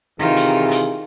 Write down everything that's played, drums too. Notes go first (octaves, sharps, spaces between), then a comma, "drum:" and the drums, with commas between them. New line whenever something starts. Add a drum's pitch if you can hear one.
C3 D#3 E3 F4 G#4
drum: hi-hat
drum: hi-hat